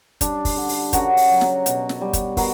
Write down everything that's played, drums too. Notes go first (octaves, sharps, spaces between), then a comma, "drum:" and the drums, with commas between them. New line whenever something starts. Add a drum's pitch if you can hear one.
G3 D4, drum: kick, hi-hat
drum: kick, open hi-hat
D3
drum: open hi-hat
C#3 F#4 A#4, drum: kick, hi-hat
drum: open hi-hat
F#3
drum: snare
B2, drum: hi-hat
drum: snare
G3
drum: kick, hi-hat
B3 F#4 A#4, drum: kick, open hi-hat